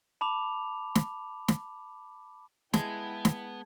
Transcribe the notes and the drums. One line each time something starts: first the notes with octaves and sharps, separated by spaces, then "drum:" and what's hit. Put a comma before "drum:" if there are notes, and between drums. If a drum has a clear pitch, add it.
A5 B5 D6 F7
drum: snare
drum: snare
G#3 B3 E4 G5 A5 G#6, drum: snare
drum: snare